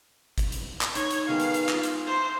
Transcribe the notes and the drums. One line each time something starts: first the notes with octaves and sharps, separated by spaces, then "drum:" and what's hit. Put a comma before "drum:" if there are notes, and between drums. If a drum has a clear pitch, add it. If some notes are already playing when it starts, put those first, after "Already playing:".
drum: kick, hi-hat
drum: hi-hat
drum: clap
D#4 C#5, drum: hi-hat
drum: hi-hat
D#3 G#3 B3 F5
drum: hi-hat
drum: hi-hat
F4 G5 G#5, drum: clap
drum: hi-hat
C5 E5 A5 A#5